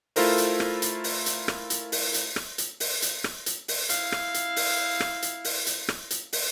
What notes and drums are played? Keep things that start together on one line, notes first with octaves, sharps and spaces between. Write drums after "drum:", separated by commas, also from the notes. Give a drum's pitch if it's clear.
A3 E4 F4 A4 A#4 C5, drum: open hi-hat
drum: hi-hat
drum: rim click
drum: hi-hat
drum: open hi-hat
drum: hi-hat
drum: rim click
drum: hi-hat
drum: open hi-hat
drum: hi-hat
drum: rim click
drum: hi-hat
drum: open hi-hat
drum: hi-hat
drum: rim click
drum: hi-hat
drum: open hi-hat
E4 F5, drum: hi-hat
drum: rim click
drum: hi-hat
drum: open hi-hat
drum: rim click
drum: hi-hat
drum: open hi-hat
drum: hi-hat
drum: rim click
drum: hi-hat
drum: open hi-hat